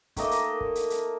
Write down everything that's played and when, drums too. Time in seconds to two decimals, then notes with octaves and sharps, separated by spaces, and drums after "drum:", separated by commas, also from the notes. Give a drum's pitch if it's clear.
0.16 D#3 A3 A#3 D#5, drum: kick, hi-hat
0.31 drum: hi-hat
0.61 drum: kick
0.75 drum: hi-hat
0.90 drum: hi-hat